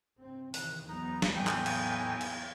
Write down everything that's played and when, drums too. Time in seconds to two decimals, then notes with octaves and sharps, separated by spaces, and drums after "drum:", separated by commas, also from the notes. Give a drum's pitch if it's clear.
0.21 G2 C3 C4
0.54 C3 D#3 E3 F#6, drum: open hi-hat
0.88 E2 F#3 B3 D#4 A#5
1.22 drum: snare
1.36 A2 E3 D#4 G5 G#5
1.47 drum: clap
1.66 drum: cymbal
2.21 drum: cymbal